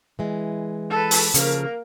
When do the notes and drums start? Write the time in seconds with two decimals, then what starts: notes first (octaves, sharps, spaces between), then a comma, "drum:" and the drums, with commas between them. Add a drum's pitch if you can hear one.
0.19 E3 G#3
0.90 A4 B4
1.11 drum: open hi-hat
1.34 C#3 F3 A#3 A4 A#4, drum: hi-hat